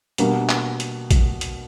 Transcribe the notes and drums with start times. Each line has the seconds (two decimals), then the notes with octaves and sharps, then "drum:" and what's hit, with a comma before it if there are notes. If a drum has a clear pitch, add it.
0.18 B2 G3 A#3 D4, drum: hi-hat
0.49 drum: clap
0.80 drum: hi-hat
1.11 drum: kick, hi-hat
1.41 drum: hi-hat